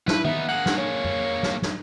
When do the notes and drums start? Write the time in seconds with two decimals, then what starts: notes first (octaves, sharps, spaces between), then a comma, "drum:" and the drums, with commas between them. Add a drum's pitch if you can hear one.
0.08 E4 B4, drum: snare
0.25 B3 D#4 E5, drum: tom D#3
0.49 A#3 G#4 F#5
0.66 drum: snare
0.78 C#5
1.04 drum: tom F2
1.43 drum: snare
1.62 drum: snare